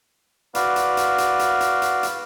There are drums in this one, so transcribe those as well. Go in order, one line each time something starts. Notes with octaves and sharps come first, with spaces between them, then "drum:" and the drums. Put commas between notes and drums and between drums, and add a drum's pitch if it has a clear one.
F#4 B4 D5 F5, drum: hi-hat
drum: hi-hat
drum: hi-hat
drum: hi-hat
drum: hi-hat
drum: hi-hat
drum: hi-hat
drum: hi-hat